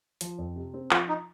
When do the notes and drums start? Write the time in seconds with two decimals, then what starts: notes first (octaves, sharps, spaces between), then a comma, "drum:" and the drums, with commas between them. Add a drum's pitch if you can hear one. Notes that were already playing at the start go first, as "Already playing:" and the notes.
0.21 F3, drum: hi-hat
0.38 F2
0.56 C3
0.74 C4
0.91 F3 F4, drum: clap
1.08 D#4